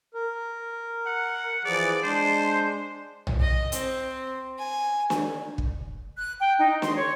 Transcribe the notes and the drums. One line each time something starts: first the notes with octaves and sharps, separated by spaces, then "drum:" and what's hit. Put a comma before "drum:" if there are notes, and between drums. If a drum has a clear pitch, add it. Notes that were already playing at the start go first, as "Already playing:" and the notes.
A#4
F#5
E3 F3 G#4 D5
G#3 D4 C5
drum: tom
D#5
C4, drum: hi-hat
G#5
drum: snare
drum: kick
F#6
G5
D#4
C6, drum: snare
C#5